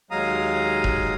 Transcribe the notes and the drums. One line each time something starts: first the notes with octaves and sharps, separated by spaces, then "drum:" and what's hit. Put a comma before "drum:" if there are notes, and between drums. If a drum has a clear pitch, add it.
D#2 F#3 G#3 F5 A#5 D#6
drum: kick E1